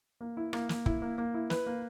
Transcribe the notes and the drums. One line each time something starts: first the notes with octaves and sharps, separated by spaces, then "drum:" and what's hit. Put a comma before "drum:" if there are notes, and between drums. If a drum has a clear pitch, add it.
A#3
E4
A#3, drum: rim click
A#3, drum: snare
E4, drum: kick
A#3
A#3
E4
B4, drum: snare
A#3